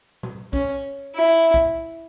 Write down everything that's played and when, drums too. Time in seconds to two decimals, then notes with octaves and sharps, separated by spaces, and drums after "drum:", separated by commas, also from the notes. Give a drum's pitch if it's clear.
0.23 drum: tom A#2
0.53 C#4, drum: kick
1.15 E4
1.54 drum: kick